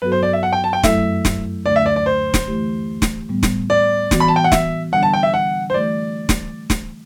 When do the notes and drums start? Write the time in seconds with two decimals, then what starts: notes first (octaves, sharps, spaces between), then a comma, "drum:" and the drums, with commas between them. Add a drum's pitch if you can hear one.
0.02 G2 F#3 B3 F#4 A4 B4
0.12 C5
0.23 D5
0.33 E5
0.43 F#5
0.53 G5
0.64 A5
0.73 G5
0.84 F#2 F#3 A3 E4 A4 E5, drum: snare
1.25 drum: snare
1.65 D2 D3 A3 D4 D5
1.76 E5
1.86 D5
1.96 D5
2.06 C5
2.34 drum: snare
2.47 E3 A3 E4 G4
3.02 drum: snare
3.29 A2 G3 B3
3.43 drum: snare
3.70 D5
4.11 E3 B3 F#4, drum: snare
4.20 B5
4.28 A5
4.36 G5
4.44 F#5
4.52 E5, drum: snare
4.93 D3 G3 B3 D4 A4 F#5
5.03 A5
5.14 G5
5.23 E5
5.34 F#5
5.70 C5
5.74 E3 A3 E4 G4 D5
6.29 drum: snare
6.70 drum: snare